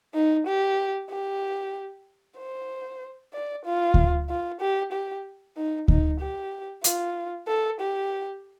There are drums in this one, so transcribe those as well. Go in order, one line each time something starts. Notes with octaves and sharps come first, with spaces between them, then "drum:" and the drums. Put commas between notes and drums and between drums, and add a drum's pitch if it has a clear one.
D#4
G4
G4
C5
D5
F4
drum: kick D2
F4
G4
G4
D#4
D#4, drum: kick D2
G4
F4, drum: hi-hat
A4
G4